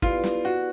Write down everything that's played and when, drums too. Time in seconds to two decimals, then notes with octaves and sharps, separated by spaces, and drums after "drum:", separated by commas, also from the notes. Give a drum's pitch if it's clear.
0.02 B3 E4 F4 G4 B4 D5, drum: kick
0.24 drum: snare
0.45 F#4